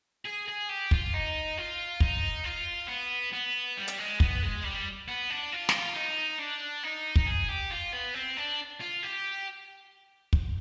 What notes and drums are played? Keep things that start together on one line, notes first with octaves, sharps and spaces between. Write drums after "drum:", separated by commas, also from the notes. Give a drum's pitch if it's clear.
G#4
G#4
G4
F4, drum: kick
D#4
F4
D#4, drum: kick
F4
B3
B3
G3
drum: hi-hat
G#3
B3, drum: kick
G#3
G3
B3
D4
F4
drum: snare
D#4
D4
D#4
drum: kick
G#4
G4
F4
B3
C4
D4
F4
G4
drum: kick